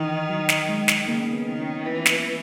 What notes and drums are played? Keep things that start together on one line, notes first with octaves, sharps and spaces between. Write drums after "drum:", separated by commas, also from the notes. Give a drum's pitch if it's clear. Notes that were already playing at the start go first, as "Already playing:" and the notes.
Already playing: D#3 E3 D#4
F#3
drum: snare
G#3
drum: snare
C#3 A#3
B3
D#3
C#4
E3
drum: snare